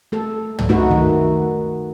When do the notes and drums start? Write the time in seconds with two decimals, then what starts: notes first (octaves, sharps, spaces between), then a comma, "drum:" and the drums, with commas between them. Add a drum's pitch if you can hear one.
0.12 A3 A4
0.59 drum: tom
0.69 A3 D#4 F#4 B4
0.91 D#3